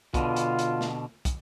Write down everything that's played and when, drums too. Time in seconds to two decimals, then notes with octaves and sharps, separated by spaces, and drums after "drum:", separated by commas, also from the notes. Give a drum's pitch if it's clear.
0.14 B2 D3 F4, drum: kick, hi-hat
0.36 drum: hi-hat
0.59 drum: hi-hat
0.81 drum: snare
1.25 drum: kick, hi-hat